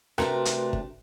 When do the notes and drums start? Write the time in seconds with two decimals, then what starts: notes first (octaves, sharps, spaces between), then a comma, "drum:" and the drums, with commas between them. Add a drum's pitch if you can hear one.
0.18 C3 A3 D4 F#4 A#4 B4 C6, drum: rim click
0.45 drum: hi-hat
0.73 drum: kick